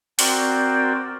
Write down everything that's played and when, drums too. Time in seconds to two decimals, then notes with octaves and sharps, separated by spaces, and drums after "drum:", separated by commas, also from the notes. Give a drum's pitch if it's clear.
0.19 C4 F#4 A#4 C5 D5 G5, drum: open hi-hat